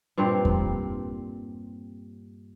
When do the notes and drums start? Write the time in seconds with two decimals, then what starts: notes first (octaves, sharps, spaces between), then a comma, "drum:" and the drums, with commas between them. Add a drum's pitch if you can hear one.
0.17 G2 A#2 C4
0.45 drum: kick E2